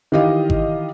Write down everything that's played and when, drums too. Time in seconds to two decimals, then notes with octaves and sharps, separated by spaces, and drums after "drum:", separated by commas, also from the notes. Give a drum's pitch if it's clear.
0.12 D#3 E3 G4 D#5 F5
0.50 drum: kick G#1